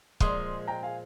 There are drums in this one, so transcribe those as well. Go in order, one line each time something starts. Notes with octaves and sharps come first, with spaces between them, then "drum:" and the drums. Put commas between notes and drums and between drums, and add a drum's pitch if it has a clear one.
A#2 F3 G#3 C6 D#6, drum: kick
G5 A#5
F5 G#5